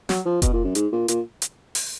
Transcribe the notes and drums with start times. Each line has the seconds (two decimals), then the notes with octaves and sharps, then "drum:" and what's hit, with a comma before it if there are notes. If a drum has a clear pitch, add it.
0.09 F#3, drum: snare
0.26 F3
0.42 B2, drum: kick F1, hi-hat
0.53 A#2
0.64 F#2
0.75 G#2, drum: hi-hat
0.92 A#2
1.08 A#2, drum: hi-hat
1.42 drum: hi-hat
1.75 drum: open hi-hat